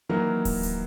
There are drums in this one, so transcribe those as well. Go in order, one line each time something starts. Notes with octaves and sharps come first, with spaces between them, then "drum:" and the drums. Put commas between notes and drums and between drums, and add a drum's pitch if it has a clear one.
D#3 E3 F#3 A#3 A#4
drum: kick D1, open hi-hat
drum: hi-hat